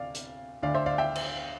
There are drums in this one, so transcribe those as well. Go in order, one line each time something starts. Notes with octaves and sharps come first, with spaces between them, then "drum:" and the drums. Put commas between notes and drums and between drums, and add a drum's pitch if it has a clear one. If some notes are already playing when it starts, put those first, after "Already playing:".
Already playing: D2 C3 D5 F5
drum: hi-hat
D2 D3 D5 F5
C5 E5
D5 F5
E5 G5
drum: cymbal